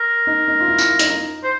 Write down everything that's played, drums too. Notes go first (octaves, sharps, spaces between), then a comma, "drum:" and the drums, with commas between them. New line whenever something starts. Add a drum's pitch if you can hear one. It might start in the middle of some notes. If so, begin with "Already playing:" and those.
Already playing: A#4
D#4
D#4
F4
E4
F4, drum: tambourine
E4
D#4, drum: hi-hat
D#4
C5